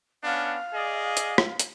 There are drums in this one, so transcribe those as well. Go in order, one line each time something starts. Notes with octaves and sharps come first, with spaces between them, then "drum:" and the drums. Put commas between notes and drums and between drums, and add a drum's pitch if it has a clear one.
B3 C#4 D4 F5
G#4 D5 D#5
drum: hi-hat
drum: rim click
drum: hi-hat